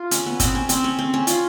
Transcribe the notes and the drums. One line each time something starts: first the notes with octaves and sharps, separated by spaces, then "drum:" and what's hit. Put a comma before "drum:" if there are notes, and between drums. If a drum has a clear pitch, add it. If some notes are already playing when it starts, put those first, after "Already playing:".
Already playing: F4
C#4, drum: hi-hat
B3
C4, drum: kick, hi-hat
C#4
C4, drum: hi-hat
C#4
C4
C#4
F4, drum: hi-hat